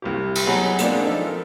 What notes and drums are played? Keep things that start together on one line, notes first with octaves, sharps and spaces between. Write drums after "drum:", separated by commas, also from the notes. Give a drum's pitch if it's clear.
C2 C3 G4
drum: cymbal
B2 F#3 G#4 C#5 A#5 B5
G#3 A#3 C4 D4 F4, drum: hi-hat
F3 D#4 A4
A#4